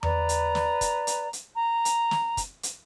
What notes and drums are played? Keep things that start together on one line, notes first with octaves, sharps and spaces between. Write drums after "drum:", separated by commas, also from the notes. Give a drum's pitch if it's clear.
B4 D5 A#5, drum: tom E2
drum: hi-hat
drum: snare
drum: kick, hi-hat
drum: hi-hat
drum: hi-hat
A#5
drum: hi-hat
drum: snare
drum: kick, hi-hat
drum: hi-hat